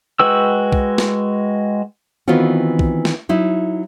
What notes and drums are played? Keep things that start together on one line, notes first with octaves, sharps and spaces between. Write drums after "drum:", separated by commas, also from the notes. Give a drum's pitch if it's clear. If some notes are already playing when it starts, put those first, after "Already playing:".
G#3 F#4 B4 G5 E6
drum: kick
drum: snare
D#3 E3 B3 C4 F4 F#4
drum: kick
drum: snare
F#3 D#4 E4